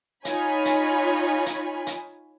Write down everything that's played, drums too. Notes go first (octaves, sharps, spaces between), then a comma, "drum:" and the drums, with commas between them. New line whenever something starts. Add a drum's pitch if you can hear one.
D#4 F4 C#5 G#5 B5, drum: hi-hat
drum: hi-hat
drum: hi-hat
drum: hi-hat